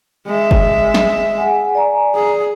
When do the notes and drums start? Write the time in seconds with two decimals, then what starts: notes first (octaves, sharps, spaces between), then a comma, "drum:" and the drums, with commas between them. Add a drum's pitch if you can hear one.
0.27 G#3 E5
0.51 drum: kick F#1
0.94 drum: snare
1.38 G#4 F#5 G#5
1.75 D5 G#5 A#5
2.15 G#4